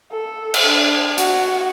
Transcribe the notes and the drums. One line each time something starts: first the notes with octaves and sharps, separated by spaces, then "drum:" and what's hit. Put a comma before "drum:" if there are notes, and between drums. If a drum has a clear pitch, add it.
A4
drum: cymbal
D4
F#4, drum: hi-hat